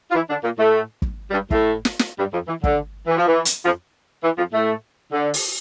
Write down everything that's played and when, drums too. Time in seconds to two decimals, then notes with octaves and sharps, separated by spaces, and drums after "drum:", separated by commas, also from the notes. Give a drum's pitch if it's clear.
0.10 F4
0.14 E3 E4
0.29 D3 D4
0.44 A#2 A#3
0.58 A2 A3
1.02 drum: kick
1.31 G2 G3
1.51 A2 A3, drum: kick
1.85 drum: snare
1.99 drum: snare
2.19 G2 G3
2.33 F2 F3
2.48 E3
2.64 D3, drum: kick
3.07 E3
3.18 F3
3.28 E3
3.45 drum: hi-hat
3.65 F2 F3
4.23 E3
4.38 F2 F3
4.53 A2 A3
5.12 D3
5.34 drum: open hi-hat